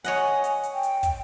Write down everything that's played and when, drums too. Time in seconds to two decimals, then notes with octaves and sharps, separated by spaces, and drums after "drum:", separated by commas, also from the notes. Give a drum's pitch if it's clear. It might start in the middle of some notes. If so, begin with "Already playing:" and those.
0.04 C#5 D#5 F#5 G#5, drum: hi-hat
0.44 drum: hi-hat
0.63 drum: hi-hat
0.73 G5
0.83 drum: hi-hat
1.03 drum: kick, hi-hat